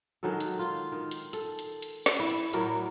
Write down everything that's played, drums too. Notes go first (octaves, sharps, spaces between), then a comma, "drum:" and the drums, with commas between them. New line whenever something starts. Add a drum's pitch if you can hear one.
D#3 F#3 G#3 A4
drum: hi-hat
F4
D#3
drum: hi-hat
A4, drum: hi-hat
drum: hi-hat
drum: hi-hat
drum: snare
E4
drum: hi-hat
A2 F#3 A#4 D5, drum: hi-hat